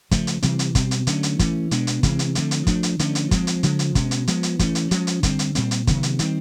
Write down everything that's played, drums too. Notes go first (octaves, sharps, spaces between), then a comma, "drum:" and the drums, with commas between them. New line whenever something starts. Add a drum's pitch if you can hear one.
C#3 F3 A3, drum: kick, hi-hat
drum: hi-hat
C3 E3 G3 C4, drum: hi-hat
drum: hi-hat
B2 G3 C4, drum: kick, hi-hat
drum: hi-hat
D3 F#3 A3 C#4, drum: hi-hat
drum: hi-hat
E3 A3 C#4, drum: kick, hi-hat
B2 G#3 B3 D4, drum: hi-hat
drum: hi-hat
C3 E3 G#3 C4, drum: kick, hi-hat
drum: hi-hat
D3 F3 A3 C4, drum: hi-hat
drum: hi-hat
F3 A3 D4, drum: kick, hi-hat
drum: hi-hat
D3 F3 A3 C#4, drum: hi-hat
drum: hi-hat
F3 G#3 C4, drum: kick, hi-hat
drum: hi-hat
C#3 F3 G#3, drum: hi-hat
drum: hi-hat
B2 G#3 C#4, drum: kick, hi-hat
drum: hi-hat
F3 G#3 B3, drum: hi-hat
drum: hi-hat
E3 A3 C#4, drum: kick, hi-hat
drum: hi-hat
F3 G#3 C#4, drum: hi-hat
drum: hi-hat
D3 G3 C4, drum: kick, hi-hat
drum: hi-hat
A#2 G3 C4, drum: hi-hat
drum: hi-hat
C3 D#3 F#3 B3, drum: kick, hi-hat
drum: hi-hat
D#3 G3 C4, drum: hi-hat